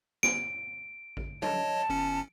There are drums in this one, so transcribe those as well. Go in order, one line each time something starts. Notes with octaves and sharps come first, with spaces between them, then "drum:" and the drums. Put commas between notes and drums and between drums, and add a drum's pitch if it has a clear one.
D7, drum: snare
drum: kick A1
C#5 D#5 A5, drum: tom
G1 C#4 C#7